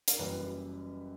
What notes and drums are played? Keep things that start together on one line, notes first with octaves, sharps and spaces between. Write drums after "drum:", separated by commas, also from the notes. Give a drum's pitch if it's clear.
A#4, drum: hi-hat
F#1 F#2 E3 G3 B4